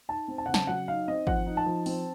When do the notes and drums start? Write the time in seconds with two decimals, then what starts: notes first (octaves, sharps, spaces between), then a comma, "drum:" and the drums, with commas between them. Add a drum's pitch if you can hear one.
0.09 D#4 A5
0.28 C4
0.38 A5
0.46 C#3 F#5
0.54 A5, drum: snare
0.67 F#3 F#5
0.88 D#4 F5
1.08 C4 D#5
1.27 F3 F#5, drum: kick
1.46 D#4
1.57 A5
1.66 F3
1.86 C4, drum: open hi-hat